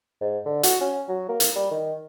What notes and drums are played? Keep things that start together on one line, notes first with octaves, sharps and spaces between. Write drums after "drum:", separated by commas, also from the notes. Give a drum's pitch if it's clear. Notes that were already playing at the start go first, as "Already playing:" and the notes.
G#2
D3
F#4, drum: hi-hat
C#4
F#3
A#3
drum: hi-hat
G3
D#3